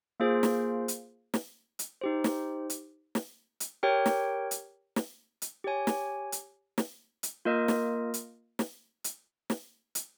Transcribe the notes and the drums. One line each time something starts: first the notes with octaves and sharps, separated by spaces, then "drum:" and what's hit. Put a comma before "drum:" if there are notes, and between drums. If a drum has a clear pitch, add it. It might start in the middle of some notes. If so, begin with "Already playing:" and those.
A#3 F4 G#4 C5 F5
drum: snare
drum: hi-hat
drum: snare
drum: hi-hat
D#4 G4 C5
drum: snare
drum: hi-hat
drum: snare
drum: hi-hat
G4 A#4 C#5 G5
drum: snare
drum: hi-hat
drum: snare
drum: hi-hat
G4 C#5 G#5
drum: snare
drum: hi-hat
drum: snare
drum: hi-hat
A#3 F4 A#4 D#5
drum: snare
drum: hi-hat
drum: snare
drum: hi-hat
drum: snare
drum: hi-hat